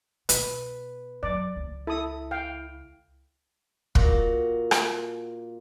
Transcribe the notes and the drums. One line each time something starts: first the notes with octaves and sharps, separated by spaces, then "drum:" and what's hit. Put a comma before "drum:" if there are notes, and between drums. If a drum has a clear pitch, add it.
B2 B4, drum: hi-hat
F#2 D5
C#2
E4 A4 D#6
F5 G5
A#2 F#4, drum: kick
drum: rim click